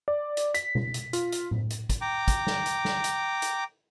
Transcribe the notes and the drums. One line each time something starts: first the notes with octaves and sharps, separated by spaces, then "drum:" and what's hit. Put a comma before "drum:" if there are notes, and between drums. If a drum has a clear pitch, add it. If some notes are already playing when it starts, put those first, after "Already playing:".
D5
drum: hi-hat
B6, drum: hi-hat
drum: tom B2
drum: hi-hat
F4, drum: hi-hat
drum: hi-hat
drum: tom A2
drum: hi-hat
drum: kick, hi-hat
G5 A#5 D6
drum: kick, hi-hat
drum: snare
drum: hi-hat
drum: snare
drum: hi-hat
drum: hi-hat